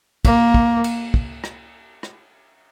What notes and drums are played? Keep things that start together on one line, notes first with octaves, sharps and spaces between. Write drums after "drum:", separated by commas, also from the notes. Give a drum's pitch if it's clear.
A#3, drum: kick, cymbal
drum: kick
drum: cymbal
drum: kick
drum: rim click
drum: rim click